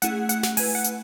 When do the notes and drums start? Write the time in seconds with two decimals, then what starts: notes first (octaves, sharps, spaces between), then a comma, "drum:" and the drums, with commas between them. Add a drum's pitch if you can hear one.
0.02 A3 C#4 E4 G#4 F#5, drum: hi-hat
0.29 F#5, drum: hi-hat
0.43 drum: snare
0.57 A3 E4 B4 G#5, drum: open hi-hat
0.75 F#5
0.84 drum: hi-hat